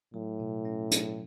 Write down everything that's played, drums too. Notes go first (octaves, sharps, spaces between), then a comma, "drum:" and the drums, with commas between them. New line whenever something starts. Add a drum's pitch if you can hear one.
A2 F#3
B2
C#4
F#3, drum: hi-hat